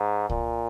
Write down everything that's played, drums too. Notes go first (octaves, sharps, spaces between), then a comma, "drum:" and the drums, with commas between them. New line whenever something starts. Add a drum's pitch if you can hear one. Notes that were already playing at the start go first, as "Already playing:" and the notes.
Already playing: G#2
A#2, drum: kick C2